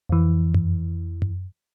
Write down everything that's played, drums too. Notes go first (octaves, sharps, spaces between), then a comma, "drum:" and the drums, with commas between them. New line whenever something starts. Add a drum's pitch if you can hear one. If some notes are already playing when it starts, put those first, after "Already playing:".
F2 E3
drum: tom F#2
drum: tom F#2